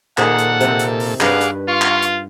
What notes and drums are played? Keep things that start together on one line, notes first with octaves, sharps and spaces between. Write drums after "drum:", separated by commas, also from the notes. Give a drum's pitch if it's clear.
A#2 D#3 G#4 A4 C5 F#5, drum: clap
drum: hi-hat
C3 C4, drum: hi-hat
drum: hi-hat
drum: open hi-hat
G2 G#4 B4 D5 F5 F#5, drum: clap
drum: hi-hat
F4 F5 C6 C#6
drum: clap
drum: hi-hat